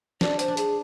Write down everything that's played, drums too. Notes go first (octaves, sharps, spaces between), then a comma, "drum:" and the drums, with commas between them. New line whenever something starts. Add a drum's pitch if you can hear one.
D4 D5, drum: snare
C5, drum: hi-hat
D4
G#4, drum: hi-hat